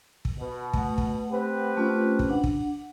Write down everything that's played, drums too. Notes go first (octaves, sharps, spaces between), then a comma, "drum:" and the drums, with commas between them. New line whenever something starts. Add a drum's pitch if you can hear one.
drum: kick
B2
A3 F#5, drum: kick
drum: kick
C4 G4 B4
A3 C#4 F4
drum: kick
D4 F#5
drum: kick